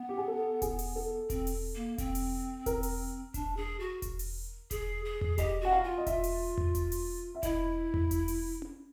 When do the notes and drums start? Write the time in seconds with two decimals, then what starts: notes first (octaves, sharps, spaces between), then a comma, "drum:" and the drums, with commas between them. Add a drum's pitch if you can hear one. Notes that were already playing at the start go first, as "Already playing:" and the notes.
Already playing: B3
0.09 G4
0.18 G#4
0.28 A4
0.62 G#4, drum: kick E1, hi-hat
0.79 drum: open hi-hat
0.96 A4
1.30 C4, drum: kick E1, hi-hat
1.47 drum: open hi-hat
1.75 A#3
1.98 C4, drum: kick E1, hi-hat
2.15 drum: open hi-hat
2.66 A#4, drum: kick E1, hi-hat
2.83 drum: open hi-hat
3.34 D4, drum: kick E1, hi-hat
3.57 G#4
3.80 F#4
4.02 drum: kick E1, hi-hat
4.19 drum: open hi-hat
4.71 G#4, drum: kick E1, hi-hat
5.05 G#4
5.21 drum: tom E2
5.38 G4 D#5, drum: kick E1, hi-hat
5.61 F#4 F#5
5.72 F5
5.84 F4
5.98 D#5
6.07 F4 E5, drum: kick E1, hi-hat
6.24 drum: open hi-hat
6.58 drum: tom E2
6.75 drum: kick E1, hi-hat
6.92 drum: open hi-hat
7.35 E5
7.43 E4 D#5, drum: kick E1, hi-hat
7.94 drum: tom E2
8.11 drum: kick E1, hi-hat
8.28 drum: open hi-hat
8.62 drum: tom C#4